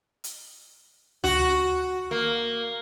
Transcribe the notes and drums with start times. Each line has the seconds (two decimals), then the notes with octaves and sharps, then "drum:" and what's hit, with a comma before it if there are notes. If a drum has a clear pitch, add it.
0.24 drum: hi-hat
1.24 F#4, drum: tom D2
2.11 A#3